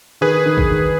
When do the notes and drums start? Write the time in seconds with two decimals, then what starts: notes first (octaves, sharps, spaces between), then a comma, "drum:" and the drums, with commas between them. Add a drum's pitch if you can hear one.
0.21 D#3 G#4 B4
0.46 D#3
0.58 drum: kick
0.70 D#3